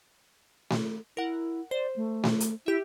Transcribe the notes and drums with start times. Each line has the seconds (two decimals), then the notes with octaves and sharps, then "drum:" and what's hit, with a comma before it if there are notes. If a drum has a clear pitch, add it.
0.70 drum: snare A3
1.17 E4 A#4 F#5
1.71 C5 D5
1.96 A3
2.24 drum: snare A3
2.40 drum: hi-hat
2.66 E4 G4 E5